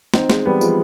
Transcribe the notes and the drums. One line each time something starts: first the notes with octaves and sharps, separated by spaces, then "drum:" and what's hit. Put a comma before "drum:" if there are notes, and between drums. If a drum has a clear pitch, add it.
C4 D#4, drum: snare
G#3 C4, drum: snare
G3 B3
F3 G#3, drum: tambourine